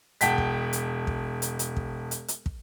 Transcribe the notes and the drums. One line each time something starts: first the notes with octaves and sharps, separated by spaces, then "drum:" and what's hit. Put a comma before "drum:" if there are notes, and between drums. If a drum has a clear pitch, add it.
E1 F#5 G5 A5 B6, drum: hi-hat
drum: kick
drum: hi-hat
drum: kick
drum: hi-hat
drum: hi-hat
drum: kick
drum: hi-hat
drum: hi-hat
drum: kick